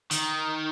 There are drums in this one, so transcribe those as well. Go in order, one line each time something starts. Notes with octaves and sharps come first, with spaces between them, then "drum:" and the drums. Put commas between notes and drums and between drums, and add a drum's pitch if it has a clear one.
D#3, drum: hi-hat